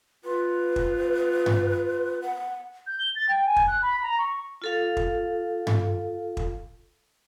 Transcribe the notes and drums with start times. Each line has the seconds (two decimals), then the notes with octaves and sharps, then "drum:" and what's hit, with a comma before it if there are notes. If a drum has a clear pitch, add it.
0.24 F4 B4
0.76 drum: kick
1.46 drum: tom G2
2.22 F#5
2.87 G6
2.99 G7
3.15 A6
3.29 G5
3.46 G#5
3.56 drum: kick
3.67 F#6
3.82 B5
4.03 A#5
4.18 C#6
4.62 F4 A4 F5
4.97 drum: kick
5.67 drum: tom G2
6.37 drum: kick